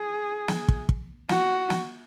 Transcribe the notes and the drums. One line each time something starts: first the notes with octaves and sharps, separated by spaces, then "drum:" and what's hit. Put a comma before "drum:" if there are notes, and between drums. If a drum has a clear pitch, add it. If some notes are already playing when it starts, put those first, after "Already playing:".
Already playing: G#4
drum: snare
drum: kick
drum: kick
F#4, drum: snare
drum: snare